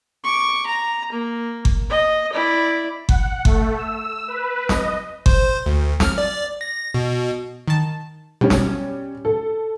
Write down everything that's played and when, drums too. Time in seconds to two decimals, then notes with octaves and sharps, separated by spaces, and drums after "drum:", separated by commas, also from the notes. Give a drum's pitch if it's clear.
0.24 C#6 D6
0.67 A#5
1.12 A#3
1.65 drum: kick G1
1.90 D#5
2.33 E4 D5
3.09 F#5, drum: kick G1
3.45 A3, drum: kick G1
3.76 E6
4.28 B4
4.69 D#5, drum: snare
5.26 C5, drum: kick G1
5.66 D2
6.00 F6, drum: snare
6.18 D5
6.61 A#6
6.94 B2
7.68 D#3 A5
8.41 B2 G3 C#4
8.50 drum: snare
9.25 A4